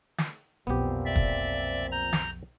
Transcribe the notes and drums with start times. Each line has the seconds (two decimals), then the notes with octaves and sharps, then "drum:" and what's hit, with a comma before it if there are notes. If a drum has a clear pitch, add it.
0.18 drum: snare
0.67 B1 F2 A#2 F3 B3 C4 G4
1.06 D5 E5
1.16 drum: kick
1.92 A#5 G6
2.13 drum: snare